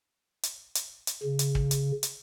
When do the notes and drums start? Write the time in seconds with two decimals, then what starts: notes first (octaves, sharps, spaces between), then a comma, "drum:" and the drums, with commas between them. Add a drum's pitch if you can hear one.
0.43 drum: hi-hat
0.75 drum: hi-hat
1.07 drum: hi-hat
1.23 C#3
1.39 drum: hi-hat
1.55 drum: kick
1.71 drum: hi-hat
2.03 drum: hi-hat